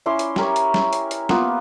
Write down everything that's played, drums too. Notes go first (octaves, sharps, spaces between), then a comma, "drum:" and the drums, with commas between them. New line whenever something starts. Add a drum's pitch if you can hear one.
C#4 E4 C6 D6
drum: hi-hat
G4 A#4 C#5, drum: snare
drum: hi-hat
drum: snare
drum: hi-hat
drum: hi-hat
A#3 B3 F4, drum: snare